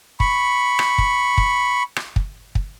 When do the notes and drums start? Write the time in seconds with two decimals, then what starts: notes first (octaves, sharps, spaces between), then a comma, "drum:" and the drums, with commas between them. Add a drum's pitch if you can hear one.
0.20 B5 C#6, drum: kick
0.79 drum: rim click
0.98 drum: kick
1.38 drum: kick
1.96 drum: rim click
2.16 drum: kick
2.55 drum: kick